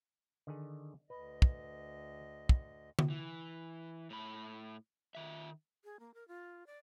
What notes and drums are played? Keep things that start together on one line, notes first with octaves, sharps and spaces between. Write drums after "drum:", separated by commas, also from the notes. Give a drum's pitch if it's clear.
D3 D#3 G#4
D2 B4 D#5
drum: kick
drum: kick
drum: tom D3
E3
A2 B5
D#3 E5
G#4
A#3
A#4
F4
D5